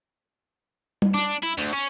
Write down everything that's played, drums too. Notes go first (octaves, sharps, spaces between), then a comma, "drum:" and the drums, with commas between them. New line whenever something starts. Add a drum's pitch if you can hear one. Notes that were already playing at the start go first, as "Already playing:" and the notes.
drum: tom G3
D4
E4
D2
C#4